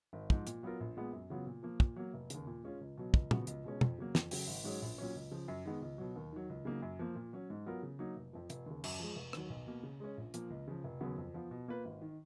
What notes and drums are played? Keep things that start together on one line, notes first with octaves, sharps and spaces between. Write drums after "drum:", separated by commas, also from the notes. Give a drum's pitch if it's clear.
G#1
G#2 F3, drum: kick
A#2, drum: hi-hat
F#3 B3 F4 A#4
A#1
A#2 G#3 B3
F#2
C#3 F#3 B3 F4
A#2
F3 A#3
A#2, drum: kick
F#3 A#3
F1
D#2 C#3, drum: hi-hat
A#2
G#3 C#4 F4
C#2
B2 F#3
C#2, drum: kick
C#3 F3 B3 F#4, drum: tom
C#2, drum: hi-hat
B2 G#3 C#4
F2, drum: tom
C#3 F#3 A#3
F2, drum: snare
C#3 F#3, drum: open hi-hat
G#1
G#2 F#3 C#4 G#4
A#1
A#2 F#3 C#4
C#2
C#3 F3
F#2
D#3 G#3 B3
C#2
B2 F#3
D#2
D#3 F#3
C#2
C#3 F#3 A#3 D#4
F#2
F3 A#3
A#2
F#3 C#4
G#2
F#3 B3 F4 A#4
C#3
F#3 A#3 D#4
F1
F2 F3
F1, drum: hi-hat
D#2 C#3
F#2, drum: cymbal
F3 G#3
F1
D#2 D#3 F#3, drum: rim click
B1
B2 A#3
C#3
G#3 C#4
A#1
A#2 F3 A#3, drum: hi-hat
C#2
C#3 F3
F1
D#2 C#3 F#3 B3
F2
F3 B3 F4
B2
A#3 F4 B4
G#1
D#3